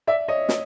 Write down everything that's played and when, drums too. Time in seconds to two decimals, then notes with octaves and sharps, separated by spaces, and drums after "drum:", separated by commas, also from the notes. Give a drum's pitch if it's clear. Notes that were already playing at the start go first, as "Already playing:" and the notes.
0.07 D5 E5
0.28 C#5 D#5
0.49 drum: snare